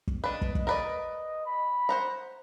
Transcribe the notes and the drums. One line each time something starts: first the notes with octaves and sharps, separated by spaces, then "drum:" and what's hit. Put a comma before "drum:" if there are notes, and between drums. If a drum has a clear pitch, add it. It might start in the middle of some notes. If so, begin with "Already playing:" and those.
drum: kick
D4 B4 D#5
drum: kick
drum: kick
A#4 B4 D5
B5
C5 F#5 A#5